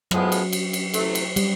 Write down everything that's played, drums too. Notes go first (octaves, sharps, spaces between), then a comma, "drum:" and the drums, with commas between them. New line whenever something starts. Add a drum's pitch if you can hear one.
A2 F3 F#3 G#3 B3, drum: rim click
drum: cymbal
drum: cymbal
drum: cymbal
C3 E3 A3, drum: cymbal
drum: cymbal
G3, drum: cymbal